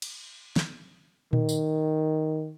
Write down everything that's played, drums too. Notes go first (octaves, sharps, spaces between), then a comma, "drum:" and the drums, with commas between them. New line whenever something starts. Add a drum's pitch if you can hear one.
drum: cymbal
drum: snare
D#3, drum: tom A#2
drum: tambourine